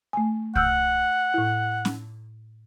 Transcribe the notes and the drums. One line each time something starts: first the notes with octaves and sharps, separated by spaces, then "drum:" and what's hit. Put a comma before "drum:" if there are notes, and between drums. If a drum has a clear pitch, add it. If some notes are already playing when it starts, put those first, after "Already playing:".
A3 G#5
F#5 E6 F6 G6, drum: kick C2
A2 E4
drum: snare